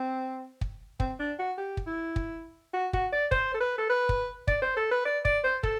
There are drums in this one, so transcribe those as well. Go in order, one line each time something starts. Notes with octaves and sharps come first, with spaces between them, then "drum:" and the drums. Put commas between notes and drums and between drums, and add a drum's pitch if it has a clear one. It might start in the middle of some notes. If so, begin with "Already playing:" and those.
Already playing: C4
drum: kick
C4, drum: kick
D4
F#4
G4
drum: kick
E4
drum: kick
F#4
F#4, drum: kick
D5
C5, drum: kick
A4
B4
A4
B4
drum: kick
D5, drum: kick
C5
A4
B4
D5
D5, drum: kick
C5
A4, drum: kick